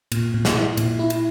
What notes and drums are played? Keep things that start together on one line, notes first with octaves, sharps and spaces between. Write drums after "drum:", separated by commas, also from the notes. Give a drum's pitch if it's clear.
A#2, drum: cymbal
A#2
drum: snare
E4
A#2, drum: cymbal
E4
drum: cymbal